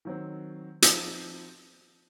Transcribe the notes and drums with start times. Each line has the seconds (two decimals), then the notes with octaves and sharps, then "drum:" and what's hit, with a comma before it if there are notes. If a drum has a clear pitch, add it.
0.05 D#3 F#3 C4
0.82 F3 C4 D#4, drum: hi-hat